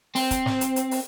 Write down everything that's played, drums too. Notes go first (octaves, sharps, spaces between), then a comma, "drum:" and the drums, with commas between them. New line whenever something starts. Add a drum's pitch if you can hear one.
C4, drum: open hi-hat
drum: kick, hi-hat
drum: snare
drum: hi-hat
drum: hi-hat
drum: open hi-hat